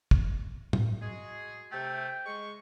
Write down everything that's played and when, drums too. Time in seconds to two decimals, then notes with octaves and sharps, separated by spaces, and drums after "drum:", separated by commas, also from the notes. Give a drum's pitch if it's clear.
0.11 drum: kick
0.73 drum: tom A2
1.02 G#3 F#4 G#4
1.72 C3 A3 G5
2.26 G#3 C#6